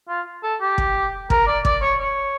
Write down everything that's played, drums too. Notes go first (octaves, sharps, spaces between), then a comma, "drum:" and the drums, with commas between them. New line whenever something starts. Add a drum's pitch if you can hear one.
F4
A4
G4
drum: kick
A#4, drum: kick
D5
D5, drum: kick
C#5
C#5